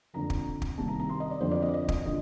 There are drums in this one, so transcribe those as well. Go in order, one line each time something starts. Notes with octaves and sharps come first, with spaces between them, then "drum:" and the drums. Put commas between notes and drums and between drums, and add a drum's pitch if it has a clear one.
F2 D3 F3 A#5
drum: kick
drum: kick
C2 C3 D#3 A5
A#5
A#5
C6
D#5
D5
F2 D3 F3 C5
D5
D#5
D5
D#5
D#5, drum: kick
D3 F3 D#5